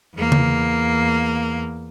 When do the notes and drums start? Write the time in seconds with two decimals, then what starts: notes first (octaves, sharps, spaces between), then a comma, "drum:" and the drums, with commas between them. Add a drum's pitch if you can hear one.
0.16 E2 A#3
0.32 drum: tom C#3